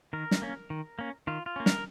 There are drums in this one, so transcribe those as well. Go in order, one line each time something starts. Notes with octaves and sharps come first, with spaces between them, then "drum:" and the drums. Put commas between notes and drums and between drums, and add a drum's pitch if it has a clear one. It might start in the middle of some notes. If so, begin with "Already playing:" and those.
D#3 A#4
drum: snare
A#3 C#4
D#3
A#3 C#4
D#3 F4
F4
A#3 C#4
A#4, drum: snare